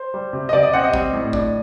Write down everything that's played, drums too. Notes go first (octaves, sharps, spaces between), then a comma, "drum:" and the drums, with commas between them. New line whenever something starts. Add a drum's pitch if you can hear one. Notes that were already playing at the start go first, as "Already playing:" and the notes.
Already playing: C5
G3
C3
D#5
C3 D5
D#5
C4 F#5
D#5
G3, drum: kick
A2
D4, drum: kick